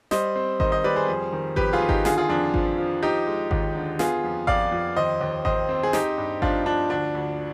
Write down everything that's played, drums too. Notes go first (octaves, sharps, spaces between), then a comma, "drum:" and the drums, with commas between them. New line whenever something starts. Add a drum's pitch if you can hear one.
G3 C5 D#5, drum: snare
C4
D#3 C5 D#5, drum: kick G#1
C5 D#5
G3 B4 D5
G#4 C5
F2
D#3
F2 G4 B4, drum: kick G#1
F4 G#4
D#3
D#4 G4, drum: kick G#1
D3 F4 G#4, drum: snare
F4 G#4
F2 D4
F3, drum: kick G#1
F3
F3 D#4 G4
G#3
D#2, drum: kick G#1
D3
B3 F4 G#4, drum: snare
F2
F2 D5 F5, drum: kick G#1
F2
D#2 C5 D#5
D#2
D#2 C5 D#5, drum: kick G#1
C4
G#4
C4 D#4 G4, drum: snare
G2
F3 D4 F4, drum: kick G#1
F3 D4
D2 D4
D2